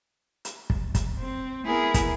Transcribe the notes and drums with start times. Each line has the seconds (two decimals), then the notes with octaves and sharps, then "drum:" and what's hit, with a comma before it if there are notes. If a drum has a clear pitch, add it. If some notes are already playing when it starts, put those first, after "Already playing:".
0.45 drum: hi-hat
0.70 drum: kick
0.95 drum: kick, hi-hat
1.20 C4
1.66 B3 E4 G#4 A#4
1.94 drum: kick, hi-hat